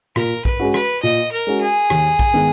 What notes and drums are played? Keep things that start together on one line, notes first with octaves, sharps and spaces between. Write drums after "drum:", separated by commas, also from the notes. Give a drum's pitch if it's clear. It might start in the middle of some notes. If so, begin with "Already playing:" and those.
A#2 A#4, drum: rim click
B4, drum: kick A#1
G#3 C#4 F#4
B4, drum: rim click
A#2 D#5
A#4
G#3 C#4 F#4
G#4
D#2, drum: rim click
drum: kick A#1
D#3 G#3 B3